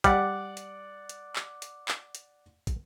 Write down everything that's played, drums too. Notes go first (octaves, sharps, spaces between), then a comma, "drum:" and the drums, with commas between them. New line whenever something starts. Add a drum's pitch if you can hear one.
G3 D5 F#5, drum: kick, hi-hat
drum: hi-hat
drum: hi-hat
drum: clap
drum: hi-hat
drum: clap
drum: hi-hat
drum: kick, hi-hat